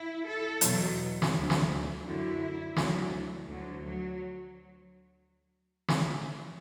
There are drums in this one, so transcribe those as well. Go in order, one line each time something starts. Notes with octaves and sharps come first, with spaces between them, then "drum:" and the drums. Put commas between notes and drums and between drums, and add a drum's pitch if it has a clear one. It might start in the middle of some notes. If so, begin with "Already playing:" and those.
Already playing: E4
A4
E2 B2 F#3, drum: hi-hat
drum: snare
D2 D3 F#3
drum: snare
F#2 D3 F#3 E4
D2 D3 F#3, drum: snare
D2 D3 F#3
F#3
drum: snare